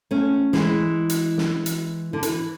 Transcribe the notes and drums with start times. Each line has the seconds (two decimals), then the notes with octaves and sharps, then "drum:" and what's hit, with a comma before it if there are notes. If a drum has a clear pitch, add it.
0.11 A3 C#4
0.53 E3 G#3, drum: snare
1.10 drum: hi-hat
1.38 drum: snare
1.66 drum: hi-hat
2.13 D3
2.23 E3, drum: hi-hat